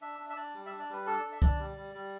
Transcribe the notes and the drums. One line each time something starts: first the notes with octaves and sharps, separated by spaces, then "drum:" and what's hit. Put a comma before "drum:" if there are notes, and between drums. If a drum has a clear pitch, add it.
D4 E5
D4
E5
D4 D5
G3
E5
D4
D5
G3 B4
D4 A4
D4
E5
D4 D5, drum: kick C2
G3
G3
G3